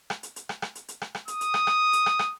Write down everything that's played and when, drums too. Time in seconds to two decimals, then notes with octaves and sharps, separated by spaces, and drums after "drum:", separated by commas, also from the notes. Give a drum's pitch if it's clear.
0.10 drum: rim click
0.23 drum: hi-hat
0.36 drum: hi-hat
0.49 drum: rim click
0.62 drum: rim click
0.75 drum: hi-hat
0.88 drum: hi-hat
1.02 drum: rim click
1.15 drum: rim click
1.28 D#6, drum: hi-hat
1.41 drum: hi-hat
1.54 drum: rim click
1.67 drum: rim click
1.93 drum: hi-hat
2.06 drum: rim click
2.19 drum: rim click